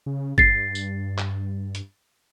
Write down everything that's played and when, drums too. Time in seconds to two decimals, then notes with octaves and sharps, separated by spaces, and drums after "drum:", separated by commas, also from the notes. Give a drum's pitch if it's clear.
0.06 C#3
0.38 G2 A6 C7, drum: kick
0.75 drum: tambourine
1.18 drum: clap
1.75 drum: hi-hat